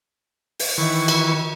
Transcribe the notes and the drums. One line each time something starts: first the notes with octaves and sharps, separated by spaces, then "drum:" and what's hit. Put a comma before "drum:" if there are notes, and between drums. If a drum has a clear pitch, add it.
drum: open hi-hat
D#3 E3 C#6
drum: cymbal